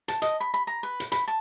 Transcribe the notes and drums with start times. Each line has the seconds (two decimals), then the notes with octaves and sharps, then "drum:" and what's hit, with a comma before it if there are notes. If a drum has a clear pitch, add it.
0.08 A5, drum: hi-hat
0.22 D#5, drum: hi-hat
0.40 B5
0.54 B5
0.67 A#5
0.83 B4
1.00 drum: hi-hat
1.12 B5, drum: hi-hat
1.28 A5